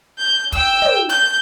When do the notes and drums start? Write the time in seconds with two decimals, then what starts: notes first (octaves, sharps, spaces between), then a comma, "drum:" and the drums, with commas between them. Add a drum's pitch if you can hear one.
0.18 G6
0.52 G5 E6, drum: kick, hi-hat
0.82 drum: tom
1.09 G6, drum: hi-hat